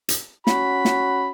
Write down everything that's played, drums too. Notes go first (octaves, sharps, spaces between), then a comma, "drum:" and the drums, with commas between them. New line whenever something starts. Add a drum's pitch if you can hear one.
drum: hi-hat
C#4 F#4 B5, drum: snare
drum: snare